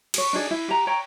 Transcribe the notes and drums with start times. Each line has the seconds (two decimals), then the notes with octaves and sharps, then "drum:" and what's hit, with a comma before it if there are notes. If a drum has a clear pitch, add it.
0.14 G#4 C#5, drum: cymbal
0.33 D4 D#4 G#4 D5
0.51 E4
0.69 G4 A#5
0.87 C#5 G5 A#5